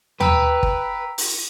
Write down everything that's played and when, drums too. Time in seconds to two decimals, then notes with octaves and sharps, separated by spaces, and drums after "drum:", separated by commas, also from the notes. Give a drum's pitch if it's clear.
0.20 B4 G5 A#5 E6, drum: tom D#2
0.63 drum: kick
1.18 drum: open hi-hat